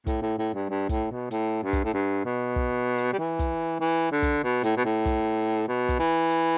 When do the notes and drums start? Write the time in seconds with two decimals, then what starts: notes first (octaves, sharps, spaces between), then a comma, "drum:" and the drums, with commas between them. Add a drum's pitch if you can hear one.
0.07 A2, drum: kick, hi-hat
0.22 A2
0.38 A2
0.54 G2
0.70 G2
0.89 A2, drum: kick, hi-hat
1.11 B2
1.31 A2, drum: hi-hat
1.63 G2
1.73 drum: kick, hi-hat
1.85 A2
1.94 G2
2.25 B2
2.56 drum: kick
2.98 drum: hi-hat
3.13 G3
3.18 E3
3.39 drum: kick, hi-hat
3.80 E3
4.11 D3
4.22 drum: kick, hi-hat
4.44 B2
4.63 A2, drum: hi-hat
4.77 B2
4.85 A2
5.06 drum: kick, hi-hat
5.68 B2
5.89 drum: kick, hi-hat
5.99 E3
6.30 drum: hi-hat